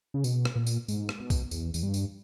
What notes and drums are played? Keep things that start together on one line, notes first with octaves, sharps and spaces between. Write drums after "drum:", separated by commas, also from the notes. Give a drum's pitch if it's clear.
C#3
B2, drum: tambourine
drum: rim click
A#2
drum: tambourine
G#2, drum: tambourine
drum: rim click
B2
drum: kick, tambourine
E2, drum: tambourine
E2, drum: tambourine
G2
drum: tambourine